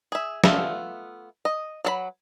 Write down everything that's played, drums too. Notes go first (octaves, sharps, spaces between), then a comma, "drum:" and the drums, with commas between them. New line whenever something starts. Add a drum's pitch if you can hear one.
G#4 E5
A3 B3 F4 E5, drum: snare
D#5
F#3 A4 B5